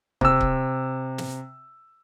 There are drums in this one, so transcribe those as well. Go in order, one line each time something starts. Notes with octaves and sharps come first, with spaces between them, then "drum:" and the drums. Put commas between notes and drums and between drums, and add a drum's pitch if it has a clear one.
C3 E6, drum: kick
drum: kick
drum: snare